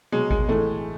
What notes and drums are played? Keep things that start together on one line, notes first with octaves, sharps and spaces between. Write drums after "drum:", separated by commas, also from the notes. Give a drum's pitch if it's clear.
B2 F#3 G#3
G#3, drum: kick G#1
A2 E3 G#3 A3